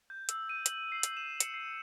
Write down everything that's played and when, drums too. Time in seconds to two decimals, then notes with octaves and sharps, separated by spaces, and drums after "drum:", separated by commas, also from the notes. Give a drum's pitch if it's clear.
0.10 G6
0.29 E6, drum: hi-hat
0.49 D#7
0.66 F#7, drum: hi-hat
0.92 C7
1.03 drum: hi-hat
1.17 E7
1.40 C#7, drum: hi-hat
1.54 C7